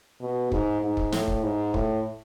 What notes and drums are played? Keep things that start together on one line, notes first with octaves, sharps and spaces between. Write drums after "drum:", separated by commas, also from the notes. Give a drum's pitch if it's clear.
B2
G#2, drum: kick
G#2
drum: kick
A2, drum: snare
drum: kick
G#2
A2, drum: kick